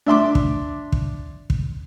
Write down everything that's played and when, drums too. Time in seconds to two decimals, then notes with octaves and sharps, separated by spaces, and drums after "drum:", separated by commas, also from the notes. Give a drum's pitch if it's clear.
0.06 D4 E5 C6 D6
0.35 drum: kick
0.92 drum: kick
1.50 drum: kick